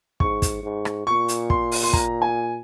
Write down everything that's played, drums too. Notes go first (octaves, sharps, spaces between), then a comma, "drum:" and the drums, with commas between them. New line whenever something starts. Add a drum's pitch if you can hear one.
G#2 C#6, drum: kick
drum: kick, hi-hat
G#2
drum: rim click
A#2 C#6
drum: hi-hat
C6, drum: kick
drum: open hi-hat
C6
A#5, drum: kick
G#5